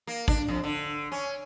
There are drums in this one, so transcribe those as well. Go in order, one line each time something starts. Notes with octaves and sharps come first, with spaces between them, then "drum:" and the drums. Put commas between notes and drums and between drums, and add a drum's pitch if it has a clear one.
A#3
D4, drum: kick
F2
D3
C#4